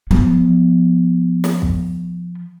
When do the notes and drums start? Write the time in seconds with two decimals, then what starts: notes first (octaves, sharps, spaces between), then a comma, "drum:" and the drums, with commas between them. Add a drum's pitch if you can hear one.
0.11 F3 B3, drum: tom F3
1.44 drum: snare
1.62 drum: kick